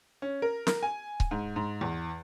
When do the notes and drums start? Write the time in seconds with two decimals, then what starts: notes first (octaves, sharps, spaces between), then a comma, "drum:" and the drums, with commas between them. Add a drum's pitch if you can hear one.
0.22 C#4
0.42 A#4
0.67 A#4, drum: snare
0.83 G#5
1.20 drum: kick C#1
1.31 G#2
1.56 G#2
1.81 E2